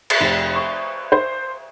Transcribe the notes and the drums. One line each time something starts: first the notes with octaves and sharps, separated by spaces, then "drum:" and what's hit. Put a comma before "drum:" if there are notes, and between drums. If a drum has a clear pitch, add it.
drum: cymbal
F1
C#6
C5